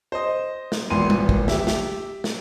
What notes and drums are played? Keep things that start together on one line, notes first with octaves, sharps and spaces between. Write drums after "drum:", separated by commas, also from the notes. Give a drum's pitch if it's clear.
C5 D#5
drum: snare
D#1 G#1 E3 B3 C6 D#7
drum: tom G3
drum: kick
G4 E5, drum: snare
drum: snare
drum: snare